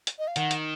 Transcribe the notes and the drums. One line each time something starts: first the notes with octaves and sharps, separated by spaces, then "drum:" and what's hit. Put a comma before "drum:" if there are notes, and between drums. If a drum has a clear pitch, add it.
drum: hi-hat
D#5
F5
D#3 F#5, drum: hi-hat
drum: hi-hat